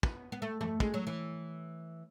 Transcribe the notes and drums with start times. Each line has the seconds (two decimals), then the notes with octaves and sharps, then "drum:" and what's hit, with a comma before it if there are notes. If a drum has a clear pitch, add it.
0.03 B3, drum: kick
0.32 B3
0.42 A3
0.61 A3, drum: tom
0.80 G#3, drum: kick
0.94 F#3
1.07 E3